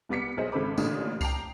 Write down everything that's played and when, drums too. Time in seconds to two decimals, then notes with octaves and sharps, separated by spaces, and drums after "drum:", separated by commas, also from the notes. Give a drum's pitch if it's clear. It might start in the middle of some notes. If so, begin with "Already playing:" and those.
0.09 C2 G3 B3 D6 B6 C#7
0.37 B1 G#4 C5 D#5
0.52 G#1 C#3 A4 C5 B5 D6
0.78 A1 A#2 D3 C#4 D4 D#6, drum: tambourine
1.21 G5 A5 A#5 D6 C7 F7, drum: kick C2, tambourine